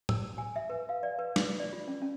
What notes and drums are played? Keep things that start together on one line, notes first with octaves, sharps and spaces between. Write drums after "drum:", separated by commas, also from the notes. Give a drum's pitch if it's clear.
E6, drum: tom
G#5
E5
B4
F5
D5
B4
drum: snare
D5
F4
C#4
C#4